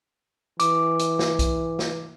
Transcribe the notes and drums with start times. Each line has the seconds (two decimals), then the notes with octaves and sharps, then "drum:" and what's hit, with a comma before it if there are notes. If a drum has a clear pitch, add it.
0.60 E3 D6, drum: hi-hat
0.99 drum: hi-hat
1.19 drum: snare
1.39 drum: kick, hi-hat
1.79 drum: snare